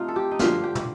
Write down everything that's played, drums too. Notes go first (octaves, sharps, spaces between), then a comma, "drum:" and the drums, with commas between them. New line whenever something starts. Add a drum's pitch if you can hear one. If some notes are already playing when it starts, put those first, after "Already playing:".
Already playing: C3 F3 A3 D#4 F4
A4
G4
D#4
G2 D3 F3 F4, drum: snare
G4
drum: tom